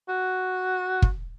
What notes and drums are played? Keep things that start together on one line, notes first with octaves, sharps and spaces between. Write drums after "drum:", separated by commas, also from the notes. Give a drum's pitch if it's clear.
F#4
drum: kick